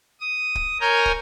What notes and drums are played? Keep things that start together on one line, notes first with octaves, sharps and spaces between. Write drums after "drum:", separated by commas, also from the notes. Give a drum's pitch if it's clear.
D#6
drum: kick
A#4 C#5 G#5 A#5 G6
drum: kick